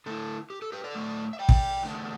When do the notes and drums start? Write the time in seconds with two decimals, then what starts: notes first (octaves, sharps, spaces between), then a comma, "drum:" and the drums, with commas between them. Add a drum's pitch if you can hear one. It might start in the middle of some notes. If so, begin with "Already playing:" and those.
0.06 D3 A3 E4 A4
0.50 G4
0.62 A4
0.72 G4 B4
0.84 A4 D5
0.95 A2 A3 D4
1.33 E5
1.39 D5 G5
1.49 drum: kick
1.83 E2 D3 A3 D4